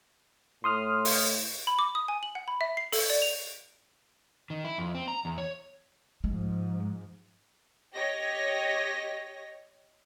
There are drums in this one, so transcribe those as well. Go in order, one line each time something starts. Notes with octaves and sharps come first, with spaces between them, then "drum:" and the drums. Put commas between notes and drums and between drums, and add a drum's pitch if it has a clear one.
A2 C6 D#6 F6
drum: open hi-hat
B5
D6
D#6
G#5
F#7
F#5
B5
E5
C7
A4, drum: open hi-hat
D5
F7
D#3
E4
F2
C4
A#5
E2
C#5
G#2 F3 G#3
G4 C#5 D#5 A#6